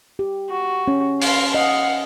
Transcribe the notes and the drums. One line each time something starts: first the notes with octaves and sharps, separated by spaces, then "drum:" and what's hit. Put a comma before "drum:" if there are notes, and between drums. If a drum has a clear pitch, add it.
G4
F#4
C#4
F5 C6, drum: open hi-hat
D#5 F5 F#5